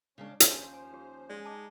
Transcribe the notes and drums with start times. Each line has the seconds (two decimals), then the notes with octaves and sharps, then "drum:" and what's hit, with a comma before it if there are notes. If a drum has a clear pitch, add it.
0.18 C#3 G#3 C#4 D4
0.40 D#2 F3 C#4 C5, drum: hi-hat
0.73 G#5
0.94 G4
1.29 G#3 D5
1.45 D#4 A5 D6